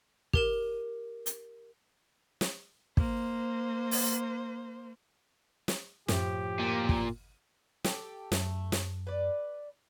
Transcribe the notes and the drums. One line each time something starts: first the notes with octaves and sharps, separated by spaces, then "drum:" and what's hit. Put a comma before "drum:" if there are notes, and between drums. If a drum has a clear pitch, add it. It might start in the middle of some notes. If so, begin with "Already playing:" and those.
G4 A#4 E7, drum: kick
drum: hi-hat
drum: snare
A#3 C5, drum: kick
drum: open hi-hat
drum: snare
F#2 A2 F3 G4, drum: snare
A#2
drum: kick
G4 A4, drum: snare
F#2 A3, drum: snare
drum: snare
B4 D5